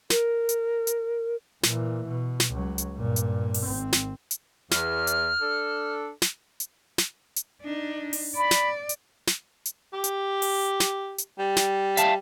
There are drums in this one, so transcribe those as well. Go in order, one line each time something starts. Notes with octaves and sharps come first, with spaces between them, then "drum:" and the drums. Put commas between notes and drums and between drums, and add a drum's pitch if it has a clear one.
A#4, drum: snare
drum: hi-hat
drum: hi-hat
A#2 E3, drum: snare
B2
drum: snare
C#2 F#3
drum: hi-hat
G2 A#2
drum: hi-hat
drum: open hi-hat
G#1 C4
drum: snare
drum: hi-hat
E2 F6, drum: snare
drum: hi-hat
D4 A4
drum: snare
drum: hi-hat
drum: snare
drum: hi-hat
D4 D#4
drum: open hi-hat
D5 B5
drum: snare
drum: hi-hat
drum: snare
drum: hi-hat
G4
drum: hi-hat
drum: open hi-hat
drum: snare
drum: hi-hat
G3
drum: snare
E5 F5 A5, drum: hi-hat